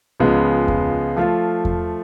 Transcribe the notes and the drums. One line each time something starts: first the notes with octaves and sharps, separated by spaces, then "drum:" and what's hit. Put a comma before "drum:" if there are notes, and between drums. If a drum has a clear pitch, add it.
C#2 C#3 F3 G#3 B3
drum: kick E2
F3 A3 F4
drum: kick E2